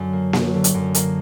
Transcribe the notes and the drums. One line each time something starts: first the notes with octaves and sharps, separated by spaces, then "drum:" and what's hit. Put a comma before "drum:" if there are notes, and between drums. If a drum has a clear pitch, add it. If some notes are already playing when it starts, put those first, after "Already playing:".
Already playing: F#2 D3 F#3
A#3
F#3, drum: snare A#3
D3
drum: hi-hat
F#2
A#3, drum: hi-hat